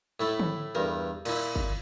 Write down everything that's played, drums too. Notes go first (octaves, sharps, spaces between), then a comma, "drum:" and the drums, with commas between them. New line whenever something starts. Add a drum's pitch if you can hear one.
A2 A3 E4
drum: tom
E2 G2 A#4
A#2 E4, drum: cymbal
drum: kick G1